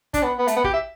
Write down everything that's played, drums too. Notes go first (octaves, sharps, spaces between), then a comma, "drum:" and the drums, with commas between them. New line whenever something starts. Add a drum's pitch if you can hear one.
D4, drum: kick, hi-hat
B3
B3
A3, drum: hi-hat
B3
G4, drum: kick
E5